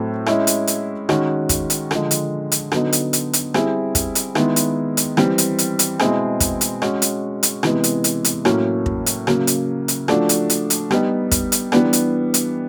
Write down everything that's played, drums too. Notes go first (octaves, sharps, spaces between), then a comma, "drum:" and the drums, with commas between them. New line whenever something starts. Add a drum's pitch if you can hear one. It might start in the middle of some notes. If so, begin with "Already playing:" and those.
Already playing: A2 F#3 A3 C4
G#3 C#4 E4, drum: rim click
drum: hi-hat
drum: hi-hat
D#3 G#3 C#4 F#4, drum: rim click
drum: kick, hi-hat
drum: hi-hat
D3 F3 G#3, drum: rim click
drum: hi-hat
drum: hi-hat
D3 F#3 B3 D#4, drum: rim click
drum: hi-hat
drum: hi-hat
drum: hi-hat
G3 C4 E4 G#4, drum: rim click
drum: kick, hi-hat
drum: hi-hat
D#3 G#3 B3 E4, drum: rim click
drum: hi-hat
drum: hi-hat
E3 G3 C4, drum: rim click
drum: hi-hat
drum: hi-hat
drum: hi-hat
B2 G#3 C4 E4 G#4, drum: rim click
drum: kick, hi-hat
drum: hi-hat
G#3 C#4 F#4, drum: rim click
drum: hi-hat
drum: hi-hat
C3 E3 G#3 B3, drum: rim click
drum: hi-hat
drum: hi-hat
drum: hi-hat
A2 F#3 A#3 C#4, drum: rim click
drum: kick
drum: hi-hat
C#3 F#3 A#3, drum: rim click
drum: hi-hat
drum: hi-hat
F3 A3 D4 F#4, drum: rim click
drum: hi-hat
drum: hi-hat
drum: hi-hat
G3 B3 D#4, drum: rim click
drum: kick, hi-hat
drum: hi-hat
E3 G3 B3 D4, drum: rim click
drum: hi-hat
drum: hi-hat